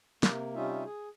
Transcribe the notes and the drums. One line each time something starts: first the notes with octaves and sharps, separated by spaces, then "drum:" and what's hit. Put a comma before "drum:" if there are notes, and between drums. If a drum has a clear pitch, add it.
C3 A#3, drum: snare
C3 G3 C#4 D#4 F4 E5
G#4